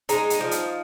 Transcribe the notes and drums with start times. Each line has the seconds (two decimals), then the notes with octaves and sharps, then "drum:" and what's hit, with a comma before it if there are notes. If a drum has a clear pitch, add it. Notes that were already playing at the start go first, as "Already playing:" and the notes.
0.09 G#3 D#4, drum: hi-hat
0.30 drum: hi-hat
0.41 F3
0.51 drum: hi-hat